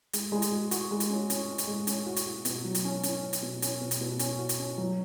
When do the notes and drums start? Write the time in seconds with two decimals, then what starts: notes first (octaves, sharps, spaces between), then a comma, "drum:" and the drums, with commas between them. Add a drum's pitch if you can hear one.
0.13 G#3, drum: hi-hat
0.32 G#3
0.42 drum: hi-hat
0.52 F#4
0.71 F#4, drum: hi-hat
0.91 G#3
1.00 drum: hi-hat
1.10 C#4
1.30 C#4, drum: hi-hat
1.48 C#4
1.58 drum: hi-hat
1.67 G#3
1.87 C#4, drum: hi-hat
2.06 F#4
2.16 drum: hi-hat
2.27 F#4
2.45 B2, drum: hi-hat
2.65 F#3
2.75 drum: hi-hat
2.85 C#4
3.03 C#4, drum: hi-hat
3.23 C#4
3.33 drum: hi-hat
3.42 B2
3.62 C#4, drum: hi-hat
3.81 B2
3.91 drum: hi-hat
4.01 B2
4.19 C#4, drum: hi-hat
4.39 F#4
4.49 drum: hi-hat
4.59 C#4
4.78 F#3